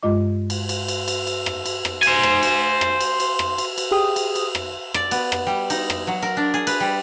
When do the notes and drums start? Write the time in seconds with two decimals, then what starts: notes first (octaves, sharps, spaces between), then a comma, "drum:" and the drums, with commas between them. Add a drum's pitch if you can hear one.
0.03 G2 G#3 F4 D#5 D6
0.50 drum: cymbal
0.69 drum: cymbal
0.88 drum: cymbal
1.08 drum: cymbal
1.27 drum: cymbal
1.46 drum: rim click
1.66 drum: cymbal
1.85 drum: rim click
2.03 C5 G#5, drum: cymbal
2.23 drum: rim click
2.43 drum: cymbal
2.81 drum: rim click
3.01 drum: cymbal
3.20 drum: cymbal
3.39 drum: rim click
3.58 drum: cymbal
3.78 drum: cymbal
3.91 G4 G#4 G5 D#6
4.16 drum: cymbal
4.35 drum: cymbal
4.55 drum: rim click
4.94 D5, drum: rim click
5.11 B3, drum: cymbal
5.32 drum: rim click
5.46 G3
5.70 D#4, drum: cymbal
5.90 drum: rim click
6.07 F#3
6.22 A#4
6.37 D4
6.54 G#4
6.67 B4, drum: cymbal
6.80 G3